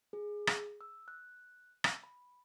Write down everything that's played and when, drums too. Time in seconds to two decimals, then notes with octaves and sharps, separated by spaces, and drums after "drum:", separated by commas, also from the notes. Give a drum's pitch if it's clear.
0.13 G#4
0.47 drum: rim click
0.81 E6
1.08 F#6
1.84 drum: rim click
2.03 B5